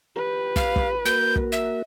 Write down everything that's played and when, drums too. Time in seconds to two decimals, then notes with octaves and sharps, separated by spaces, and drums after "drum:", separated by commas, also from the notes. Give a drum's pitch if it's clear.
0.16 G4 B4
0.56 F5, drum: kick
0.76 drum: kick
1.05 A#3 F#4 A#4 G6
1.36 drum: kick
1.52 E5